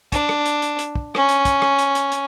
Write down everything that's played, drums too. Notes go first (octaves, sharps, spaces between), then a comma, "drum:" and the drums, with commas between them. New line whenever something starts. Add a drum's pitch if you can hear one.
D4, drum: kick, hi-hat
drum: rim click
drum: hi-hat
drum: hi-hat
drum: hi-hat
drum: kick
C#4, drum: rim click
drum: hi-hat
drum: kick, hi-hat
drum: rim click
drum: hi-hat
drum: hi-hat
drum: hi-hat